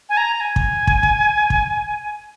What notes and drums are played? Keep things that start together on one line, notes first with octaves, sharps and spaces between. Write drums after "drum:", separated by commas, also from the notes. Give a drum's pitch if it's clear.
G#5
A#5
G#5
drum: kick
drum: kick
drum: kick
drum: kick